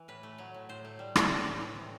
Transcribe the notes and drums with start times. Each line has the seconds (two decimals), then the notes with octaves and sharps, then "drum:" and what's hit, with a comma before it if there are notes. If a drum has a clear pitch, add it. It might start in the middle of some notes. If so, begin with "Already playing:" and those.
Already playing: E3
0.08 A2 B4
0.23 A3
0.38 F#3
0.54 A2
0.69 A2 C5
0.85 A3
0.99 G3
1.16 G3, drum: rim click
1.30 A2
1.46 A2
1.61 E3
1.75 C3